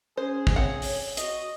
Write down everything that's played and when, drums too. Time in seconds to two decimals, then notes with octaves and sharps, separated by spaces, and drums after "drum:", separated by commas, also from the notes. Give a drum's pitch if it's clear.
0.17 C#4 G#4 C5
0.47 drum: kick A1
0.56 C4 C#5 F#5
0.82 drum: open hi-hat
1.17 F#4 D#5, drum: hi-hat